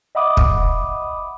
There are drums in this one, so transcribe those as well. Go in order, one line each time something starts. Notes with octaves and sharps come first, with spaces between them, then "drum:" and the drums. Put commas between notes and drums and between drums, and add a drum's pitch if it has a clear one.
D#5 E5 F#5 B5 D6 D#6
drum: kick